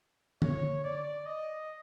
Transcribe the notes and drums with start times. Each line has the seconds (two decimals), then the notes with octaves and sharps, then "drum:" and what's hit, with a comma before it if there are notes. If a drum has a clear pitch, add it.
0.42 C#5, drum: tom D3
0.84 D5
1.26 D#5